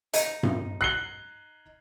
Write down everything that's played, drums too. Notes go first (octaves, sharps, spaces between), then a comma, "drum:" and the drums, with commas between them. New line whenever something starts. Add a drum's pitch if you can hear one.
D#4, drum: hi-hat
drum: tom G2
F#6 C7 G7